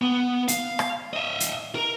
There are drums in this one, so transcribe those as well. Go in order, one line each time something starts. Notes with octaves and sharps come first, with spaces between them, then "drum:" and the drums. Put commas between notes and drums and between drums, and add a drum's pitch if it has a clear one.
B3
F5, drum: hi-hat
drum: rim click
D#5 E5
drum: hi-hat
A#4